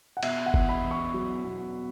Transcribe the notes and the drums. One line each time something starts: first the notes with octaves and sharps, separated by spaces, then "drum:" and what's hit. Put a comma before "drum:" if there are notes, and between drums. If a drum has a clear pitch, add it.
F#5
B2 E5, drum: cymbal
F#5
E2, drum: kick F#1
B5
E2
C#6
F#3
B2